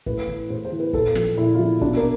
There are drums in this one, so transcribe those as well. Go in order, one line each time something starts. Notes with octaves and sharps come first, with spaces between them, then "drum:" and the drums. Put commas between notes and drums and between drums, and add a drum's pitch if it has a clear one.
A2 B4, drum: kick
E3
A2 C5
C5
E3
B4
A#2 A4, drum: kick
F3, drum: snare
A#2 E4
F4
F3 E4
B2 D4, drum: kick
A#3